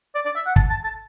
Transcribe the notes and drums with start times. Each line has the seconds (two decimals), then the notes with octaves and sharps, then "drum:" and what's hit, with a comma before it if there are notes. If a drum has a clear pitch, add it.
0.15 D5
0.25 D5
0.36 E5
0.46 F#5
0.56 A5, drum: kick
0.70 A5
0.84 A5